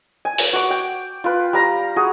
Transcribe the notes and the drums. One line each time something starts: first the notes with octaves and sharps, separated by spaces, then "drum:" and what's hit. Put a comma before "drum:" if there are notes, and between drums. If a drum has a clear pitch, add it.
G#5
drum: open hi-hat
F#4 D6
G5
F4 B4
G3 A#5
F#4 G#4